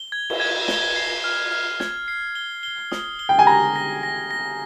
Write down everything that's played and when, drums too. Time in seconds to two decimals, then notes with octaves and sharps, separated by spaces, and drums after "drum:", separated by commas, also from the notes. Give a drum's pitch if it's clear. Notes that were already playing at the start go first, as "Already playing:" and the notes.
Already playing: G7
0.12 G#6
0.30 drum: cymbal
0.40 G#6
0.68 G7, drum: snare
0.96 C7
1.24 F6
1.51 F6
1.80 G#6, drum: snare
2.08 C7
2.35 G7
2.63 G7
2.92 D#6, drum: snare
3.19 G7
3.29 G5
3.39 G#5
3.47 A#5 A#6
3.76 A#6
4.03 A#6
4.31 A#6